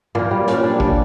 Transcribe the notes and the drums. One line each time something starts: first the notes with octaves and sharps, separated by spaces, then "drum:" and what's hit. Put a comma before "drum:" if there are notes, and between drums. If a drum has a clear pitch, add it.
A#2 A#3, drum: tom
G3
A#2 C#4, drum: hi-hat
G3 D4
G3, drum: kick